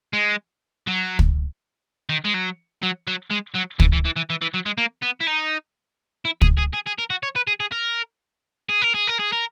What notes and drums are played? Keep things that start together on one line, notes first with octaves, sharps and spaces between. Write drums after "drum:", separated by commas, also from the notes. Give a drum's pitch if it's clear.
G#3
F#3
drum: kick
D#3
G#3
F#3
F#3
F#3
G#3
F#3
E3, drum: kick
E3
E3
E3
E3
E3
F#3
G#3
A#3
B3
E4
D#4
E4
G#4, drum: kick
G#4
G#4
G#4
A#4
F#4
C#5
B4
G#4
G#4
A#4
G#4
A#4
G#4
A#4
G#4
A#4